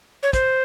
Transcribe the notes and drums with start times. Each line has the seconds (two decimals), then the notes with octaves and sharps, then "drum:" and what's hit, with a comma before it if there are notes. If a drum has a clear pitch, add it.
0.23 C#5
0.33 C5, drum: kick, hi-hat